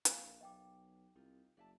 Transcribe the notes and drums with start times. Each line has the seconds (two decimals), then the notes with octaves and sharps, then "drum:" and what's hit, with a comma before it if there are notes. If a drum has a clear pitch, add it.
0.05 A#1 A#4 F5 G#5, drum: hi-hat
0.41 B1 D#5 G5 D6
1.15 C2 D#4 F4
1.57 F#1 D5 E5 A5